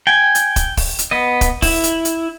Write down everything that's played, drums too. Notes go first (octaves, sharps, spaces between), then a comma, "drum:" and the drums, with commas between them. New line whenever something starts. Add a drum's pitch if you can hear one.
G5 G#5
drum: hi-hat
drum: kick, hi-hat
drum: kick, open hi-hat
drum: hi-hat
B3 D#5
drum: kick, hi-hat
E4, drum: kick, open hi-hat
drum: hi-hat
drum: hi-hat